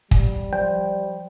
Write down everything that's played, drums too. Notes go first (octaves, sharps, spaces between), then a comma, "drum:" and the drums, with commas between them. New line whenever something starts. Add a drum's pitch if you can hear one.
G3, drum: kick
F3 C5 D5 G5